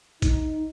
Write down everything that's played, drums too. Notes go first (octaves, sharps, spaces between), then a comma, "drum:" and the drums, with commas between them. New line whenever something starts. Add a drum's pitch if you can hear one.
D#4, drum: kick A1, hi-hat